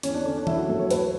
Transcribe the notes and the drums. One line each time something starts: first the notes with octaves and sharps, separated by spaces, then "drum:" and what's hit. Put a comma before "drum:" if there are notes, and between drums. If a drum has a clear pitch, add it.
E2 C#4, drum: hi-hat
D4
D3 C#4
D4
E3 E4, drum: tom E3
F#4
F#2 A4
C#5
D2 B4, drum: hi-hat